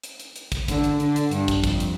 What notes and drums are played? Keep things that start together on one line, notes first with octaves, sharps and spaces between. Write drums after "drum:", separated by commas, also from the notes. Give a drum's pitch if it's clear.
drum: hi-hat
drum: hi-hat
drum: hi-hat
drum: kick, hi-hat
D3, drum: kick, hi-hat
drum: hi-hat
D3, drum: hi-hat
drum: hi-hat
G2, drum: hi-hat
drum: kick, hi-hat
F2, drum: kick, hi-hat
drum: hi-hat